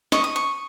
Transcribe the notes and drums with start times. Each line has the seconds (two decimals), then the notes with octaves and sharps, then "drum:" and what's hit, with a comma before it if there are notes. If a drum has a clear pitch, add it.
0.12 D#5 C#6, drum: snare
0.24 D#6
0.36 C#6